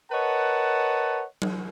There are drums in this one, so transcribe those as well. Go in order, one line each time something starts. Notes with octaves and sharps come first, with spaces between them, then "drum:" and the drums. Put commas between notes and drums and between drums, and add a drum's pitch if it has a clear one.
A#4 B4 C#5 D#5 F#5 A5
drum: tom F#3